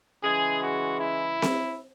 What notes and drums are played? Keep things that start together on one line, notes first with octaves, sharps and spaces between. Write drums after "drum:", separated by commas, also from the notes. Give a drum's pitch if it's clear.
C#3 E3 G#3 G#4
F#4
E4
drum: snare C4